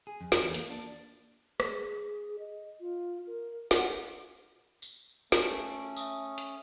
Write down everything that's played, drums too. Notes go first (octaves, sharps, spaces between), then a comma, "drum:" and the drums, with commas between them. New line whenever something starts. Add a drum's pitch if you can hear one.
G#4
F2
A#4, drum: snare
E2
A#3, drum: hi-hat
D4
G#4, drum: rim click
D#5
F4
A#4
F#5, drum: snare
drum: tambourine
A3 C#4, drum: snare
E5 D#6, drum: tambourine
drum: hi-hat